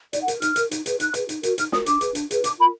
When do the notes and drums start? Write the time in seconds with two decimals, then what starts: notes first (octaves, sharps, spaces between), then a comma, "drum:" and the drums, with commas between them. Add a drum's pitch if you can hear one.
0.13 D#4 D5, drum: hi-hat
0.22 F#5
0.28 A#4, drum: hi-hat
0.42 D#4 F6, drum: hi-hat
0.56 A#4, drum: hi-hat
0.71 D#4, drum: hi-hat
0.86 G#4 B4, drum: hi-hat
1.00 D#4 F#6, drum: hi-hat
1.14 G#4 B4, drum: hi-hat
1.29 D#4, drum: hi-hat
1.43 F#4 A#4, drum: hi-hat
1.58 D#4 F6, drum: hi-hat
1.72 F#4 A#4 D#6, drum: snare
1.86 D4 D6, drum: hi-hat
2.01 G#4 B4, drum: hi-hat
2.15 D4, drum: hi-hat
2.31 G#4 B4, drum: hi-hat
2.44 D4 D6, drum: hi-hat
2.58 F4 A#4 B5